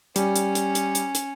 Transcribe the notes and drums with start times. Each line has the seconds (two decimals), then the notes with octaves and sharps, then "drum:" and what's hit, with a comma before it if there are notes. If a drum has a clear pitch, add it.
0.16 G3 C#4, drum: hi-hat
0.36 drum: hi-hat
0.55 drum: hi-hat
0.75 drum: hi-hat
0.95 drum: hi-hat
1.15 drum: hi-hat